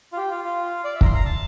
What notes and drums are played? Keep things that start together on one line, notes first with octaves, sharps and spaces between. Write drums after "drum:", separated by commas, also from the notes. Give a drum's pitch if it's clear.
F4
G4
F4
F4
D5
E5
A#5, drum: kick
C6
A#5
A5